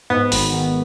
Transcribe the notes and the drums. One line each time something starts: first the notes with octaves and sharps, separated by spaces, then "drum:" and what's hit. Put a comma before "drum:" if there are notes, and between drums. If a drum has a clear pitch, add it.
G#2 B3
G#1, drum: open hi-hat
D#3